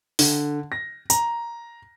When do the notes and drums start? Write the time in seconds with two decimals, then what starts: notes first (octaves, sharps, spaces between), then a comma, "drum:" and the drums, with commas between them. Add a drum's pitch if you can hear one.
0.19 D3, drum: open hi-hat
0.72 A#6
1.10 A#5, drum: tambourine